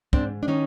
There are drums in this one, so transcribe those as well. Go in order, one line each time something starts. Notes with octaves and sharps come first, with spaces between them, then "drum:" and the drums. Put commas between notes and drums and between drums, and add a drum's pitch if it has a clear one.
G#2 C4 D4, drum: kick
D4
D#3 C#4 D#4